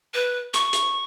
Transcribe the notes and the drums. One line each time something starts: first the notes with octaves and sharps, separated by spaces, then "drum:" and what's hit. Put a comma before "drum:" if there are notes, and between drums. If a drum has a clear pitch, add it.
B4
C#6, drum: hi-hat
drum: hi-hat